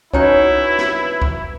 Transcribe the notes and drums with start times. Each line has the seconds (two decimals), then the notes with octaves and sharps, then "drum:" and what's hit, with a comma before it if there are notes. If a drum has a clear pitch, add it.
0.13 C#4 D#4 E4 F#4 B4 C#5, drum: kick C2
0.78 drum: snare
1.22 drum: kick C2